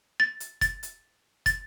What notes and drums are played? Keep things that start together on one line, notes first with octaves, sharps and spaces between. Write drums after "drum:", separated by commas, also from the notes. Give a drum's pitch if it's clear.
A6
drum: hi-hat
A6, drum: kick, hi-hat
drum: hi-hat
A6, drum: kick, hi-hat